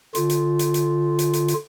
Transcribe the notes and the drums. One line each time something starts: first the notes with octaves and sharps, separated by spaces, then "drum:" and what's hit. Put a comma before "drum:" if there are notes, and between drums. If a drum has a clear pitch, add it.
D3 F4, drum: hi-hat
drum: hi-hat
drum: hi-hat
drum: hi-hat
drum: hi-hat
drum: hi-hat
drum: hi-hat